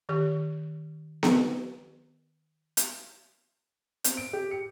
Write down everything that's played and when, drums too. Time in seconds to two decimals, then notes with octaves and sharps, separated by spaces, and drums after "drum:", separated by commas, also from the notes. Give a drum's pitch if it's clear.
0.09 D#3 G4
1.23 drum: snare B3
2.77 drum: hi-hat
4.04 C4, drum: hi-hat
4.17 D7
4.33 G4
4.51 C#7